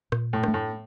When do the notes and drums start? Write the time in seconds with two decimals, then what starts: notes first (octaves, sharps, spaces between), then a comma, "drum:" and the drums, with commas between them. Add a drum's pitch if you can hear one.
0.12 A#2, drum: rim click
0.33 A2
0.44 A3 D4, drum: rim click
0.54 A2